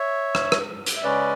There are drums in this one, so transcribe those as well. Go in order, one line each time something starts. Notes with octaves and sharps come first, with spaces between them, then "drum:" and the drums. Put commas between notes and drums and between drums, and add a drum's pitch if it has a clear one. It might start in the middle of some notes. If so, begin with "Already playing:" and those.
Already playing: C#5 E5
drum: rim click
drum: rim click
drum: hi-hat
E5
C#3 G#3 C#4 B4 D5